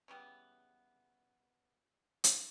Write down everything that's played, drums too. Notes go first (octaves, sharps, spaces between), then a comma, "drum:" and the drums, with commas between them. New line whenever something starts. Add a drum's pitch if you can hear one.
C#3 E3 G3 B3
drum: hi-hat